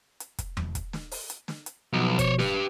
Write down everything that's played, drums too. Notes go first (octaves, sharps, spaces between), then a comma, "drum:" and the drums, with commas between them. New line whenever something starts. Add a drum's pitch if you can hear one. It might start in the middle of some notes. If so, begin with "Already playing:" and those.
drum: hi-hat
drum: kick, hi-hat
drum: tom E2
drum: kick, hi-hat
drum: snare
drum: open hi-hat
drum: hi-hat
drum: snare
drum: hi-hat
B1 B2 F3
C5 C#5, drum: kick, hi-hat
G4 B4, drum: snare